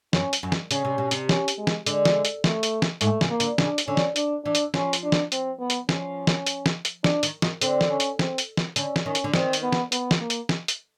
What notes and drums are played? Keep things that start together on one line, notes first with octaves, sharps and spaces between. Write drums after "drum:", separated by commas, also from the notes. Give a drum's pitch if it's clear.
F#2 C#4, drum: snare
drum: hi-hat
F#2
drum: snare
C#3 C#4, drum: hi-hat
C3
B2
C3, drum: hi-hat
C#4, drum: snare
drum: hi-hat
G#3
drum: snare
D3 G#3, drum: hi-hat
drum: snare
drum: hi-hat
A3, drum: snare
drum: hi-hat
drum: snare
G#2 A3, drum: hi-hat
C#3, drum: snare
A#3
D3, drum: hi-hat
C#3 D4, drum: snare
drum: hi-hat
D3 C#4
drum: snare
D4, drum: hi-hat
E3 D4
drum: hi-hat
F3 C#4, drum: snare
drum: hi-hat
D4
drum: snare
C4, drum: hi-hat
B3
drum: hi-hat
F3 C#4, drum: snare
drum: snare
drum: hi-hat
drum: snare
drum: hi-hat
D4, drum: snare
D#3, drum: hi-hat
D#3, drum: snare
D3 C4, drum: hi-hat
drum: snare
C#4
drum: hi-hat
C4, drum: snare
drum: hi-hat
drum: snare
D3 C#4, drum: hi-hat
drum: snare
D#3 C#4
drum: hi-hat
D3
D#3 C4, drum: snare
drum: hi-hat
B3
drum: snare
B3, drum: hi-hat
drum: snare
A#3
drum: hi-hat
drum: snare
drum: hi-hat